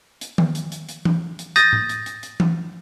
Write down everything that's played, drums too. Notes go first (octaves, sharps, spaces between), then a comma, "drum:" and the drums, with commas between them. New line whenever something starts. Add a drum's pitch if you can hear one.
drum: hi-hat
drum: tom D#3
drum: hi-hat
drum: hi-hat
drum: hi-hat
drum: tom E3
drum: hi-hat
D#6 G6 A6 A#6 D#7, drum: hi-hat
drum: tom G#2
drum: hi-hat
drum: hi-hat
drum: hi-hat
drum: tom E3